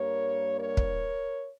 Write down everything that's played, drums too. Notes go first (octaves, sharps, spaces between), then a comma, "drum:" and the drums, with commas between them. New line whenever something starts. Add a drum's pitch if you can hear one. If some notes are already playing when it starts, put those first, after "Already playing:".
Already playing: G2 G3 A#3 A#4 C#5
A#4 C#5
drum: kick